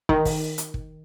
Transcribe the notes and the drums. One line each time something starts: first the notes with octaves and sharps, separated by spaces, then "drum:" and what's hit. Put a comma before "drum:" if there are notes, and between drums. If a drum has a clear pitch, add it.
D#3, drum: kick
drum: kick, open hi-hat
drum: hi-hat
drum: kick